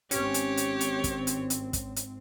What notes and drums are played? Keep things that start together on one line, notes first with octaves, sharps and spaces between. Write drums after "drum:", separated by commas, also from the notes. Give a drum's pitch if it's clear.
G#1 C4 C#4 G4 C#5, drum: hi-hat
drum: hi-hat
drum: hi-hat
drum: hi-hat
drum: kick, hi-hat
drum: hi-hat
drum: hi-hat
drum: kick, hi-hat
drum: hi-hat